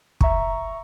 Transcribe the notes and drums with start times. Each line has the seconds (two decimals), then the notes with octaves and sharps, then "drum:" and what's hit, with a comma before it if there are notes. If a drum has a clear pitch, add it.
0.21 E5 A#5 C#6, drum: kick